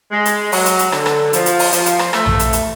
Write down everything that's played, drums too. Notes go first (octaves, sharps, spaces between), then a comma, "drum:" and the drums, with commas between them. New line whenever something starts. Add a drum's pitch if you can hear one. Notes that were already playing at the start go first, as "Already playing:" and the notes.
G#3
drum: hi-hat
F#3, drum: open hi-hat
drum: hi-hat
drum: hi-hat
D3, drum: rim click
drum: rim click
F3, drum: hi-hat
drum: hi-hat
drum: open hi-hat
F3, drum: hi-hat
drum: hi-hat
drum: rim click
A3, drum: rim click
drum: tom A#1
drum: hi-hat
drum: hi-hat